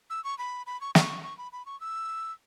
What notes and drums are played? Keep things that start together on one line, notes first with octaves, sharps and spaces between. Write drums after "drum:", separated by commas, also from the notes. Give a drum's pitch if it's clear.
E6
C#6
B5
B5
C#6
C#6, drum: snare
C#6
B5
B5
C#6
E6